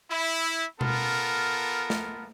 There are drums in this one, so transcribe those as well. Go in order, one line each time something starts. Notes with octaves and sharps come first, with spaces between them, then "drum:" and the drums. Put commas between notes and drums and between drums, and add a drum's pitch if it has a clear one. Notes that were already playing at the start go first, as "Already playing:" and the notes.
E4
B3 F4 A4 A#4, drum: tom B2
drum: snare